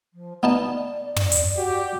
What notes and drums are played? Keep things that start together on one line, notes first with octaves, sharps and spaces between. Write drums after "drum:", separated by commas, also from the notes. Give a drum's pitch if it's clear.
F3
B3 D#4 D5 A5
drum: tom
drum: hi-hat
F#4 G4